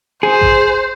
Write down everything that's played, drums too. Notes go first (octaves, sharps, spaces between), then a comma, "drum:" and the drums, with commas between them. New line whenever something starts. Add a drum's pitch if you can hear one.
G#4 C5
drum: kick A1